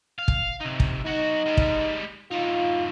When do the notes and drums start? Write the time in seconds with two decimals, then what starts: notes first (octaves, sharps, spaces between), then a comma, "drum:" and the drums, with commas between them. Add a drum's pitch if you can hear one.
0.18 F5
0.28 drum: kick
0.61 C3 D#4
0.80 drum: kick
1.06 B1 D#4 F#4
1.46 G3 G#3
1.57 drum: kick
2.31 A2 D#4 F4